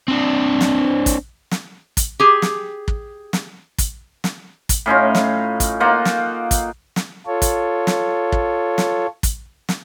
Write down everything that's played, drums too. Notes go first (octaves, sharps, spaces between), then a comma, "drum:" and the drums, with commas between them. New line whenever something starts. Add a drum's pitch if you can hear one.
C4 D4
drum: snare
drum: kick, hi-hat
drum: snare
drum: kick, hi-hat
G4 G#4
drum: snare
drum: kick
drum: snare
drum: kick, hi-hat
drum: snare
drum: kick, hi-hat
A2 C#4 D#4 F4
drum: snare
drum: kick, hi-hat
A#3 D#4 F4 F#5
drum: snare
drum: kick, hi-hat
drum: snare
F4 A4 C#5
drum: kick, hi-hat
drum: snare
drum: kick
drum: snare
drum: kick, hi-hat
drum: snare